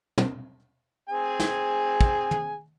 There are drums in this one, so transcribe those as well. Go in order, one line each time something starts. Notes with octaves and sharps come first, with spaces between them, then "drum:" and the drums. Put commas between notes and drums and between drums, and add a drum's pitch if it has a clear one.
drum: tom
C4 G#4 G#5
drum: snare
drum: kick
drum: tom